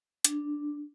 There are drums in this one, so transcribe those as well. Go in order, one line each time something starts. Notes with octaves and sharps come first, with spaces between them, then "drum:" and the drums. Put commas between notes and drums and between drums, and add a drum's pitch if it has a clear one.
D4, drum: hi-hat